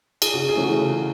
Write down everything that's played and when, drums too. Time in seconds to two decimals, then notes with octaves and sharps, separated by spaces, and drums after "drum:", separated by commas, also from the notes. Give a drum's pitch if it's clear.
0.22 G#4, drum: cymbal
0.33 C#3 F#4
0.49 G#4
0.55 E3 A3 C#4
0.63 F#4
0.78 C#3